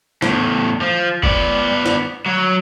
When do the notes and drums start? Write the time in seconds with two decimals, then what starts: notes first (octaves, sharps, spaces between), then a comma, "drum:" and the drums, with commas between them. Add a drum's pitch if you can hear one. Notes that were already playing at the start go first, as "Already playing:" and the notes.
0.22 E2 A2, drum: snare
0.81 F3
1.23 B3 D5, drum: kick
1.86 drum: snare
2.26 F#3